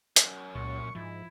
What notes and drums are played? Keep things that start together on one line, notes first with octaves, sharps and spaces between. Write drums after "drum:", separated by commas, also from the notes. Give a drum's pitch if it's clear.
C2 F#2, drum: hi-hat
C#2 A#2 C#6
G#2 F3 E4